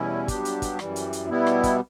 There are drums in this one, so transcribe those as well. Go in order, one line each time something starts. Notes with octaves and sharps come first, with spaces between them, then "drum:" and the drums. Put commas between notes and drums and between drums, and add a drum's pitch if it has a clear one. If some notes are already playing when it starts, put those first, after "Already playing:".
Already playing: E2 B2 G3 C#4 E4
G2 F#3 B3 D4 G4, drum: kick, hi-hat
drum: hi-hat
drum: kick, hi-hat
F#2 E3 G3, drum: rim click
drum: hi-hat
drum: hi-hat
B2 G3 B3 E4
drum: rim click
drum: kick, hi-hat